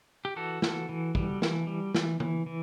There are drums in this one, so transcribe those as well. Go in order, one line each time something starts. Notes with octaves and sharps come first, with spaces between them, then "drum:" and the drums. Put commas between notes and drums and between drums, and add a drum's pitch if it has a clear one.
G4
E3 F#4 A4
E3, drum: snare
E3
G3, drum: kick
E3, drum: snare
G3
E3, drum: snare
E3, drum: tom D3
E3